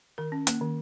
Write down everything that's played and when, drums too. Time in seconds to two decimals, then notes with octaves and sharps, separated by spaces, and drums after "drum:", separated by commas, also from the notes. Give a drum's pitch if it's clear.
0.18 D#3 A#4
0.32 C#4
0.47 A#3, drum: hi-hat
0.61 D#3